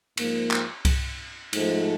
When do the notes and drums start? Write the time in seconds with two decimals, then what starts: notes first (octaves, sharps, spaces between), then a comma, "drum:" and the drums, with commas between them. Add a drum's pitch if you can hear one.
0.17 G#2 F3 A#3, drum: cymbal
0.51 drum: clap
0.85 drum: kick C2, cymbal
1.53 G#2 F3 A3, drum: cymbal